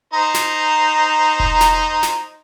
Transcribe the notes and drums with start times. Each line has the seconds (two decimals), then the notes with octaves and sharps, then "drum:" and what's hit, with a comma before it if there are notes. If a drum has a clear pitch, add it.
0.13 D#4 C5 A#5
0.34 drum: snare
1.40 drum: kick E1
1.61 drum: snare
2.03 drum: snare